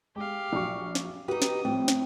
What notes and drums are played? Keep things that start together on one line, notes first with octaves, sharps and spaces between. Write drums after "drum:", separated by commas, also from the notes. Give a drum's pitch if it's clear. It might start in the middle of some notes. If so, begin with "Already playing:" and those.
G#3 G4 F5
A#1 F#3 C#6
drum: snare
D#4 F#4 G4 B4 D#6
drum: snare
A2 F3 G3 C4
drum: snare